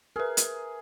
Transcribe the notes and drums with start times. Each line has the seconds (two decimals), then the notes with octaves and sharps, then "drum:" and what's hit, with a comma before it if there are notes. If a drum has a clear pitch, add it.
0.16 G#4 A#4 B4 E5 F6
0.37 drum: hi-hat